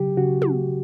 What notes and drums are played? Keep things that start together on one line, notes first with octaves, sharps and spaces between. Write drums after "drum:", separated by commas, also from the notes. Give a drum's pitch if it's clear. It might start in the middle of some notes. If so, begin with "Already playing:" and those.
Already playing: C#3 F#3 G4
C#3 F#4
drum: tom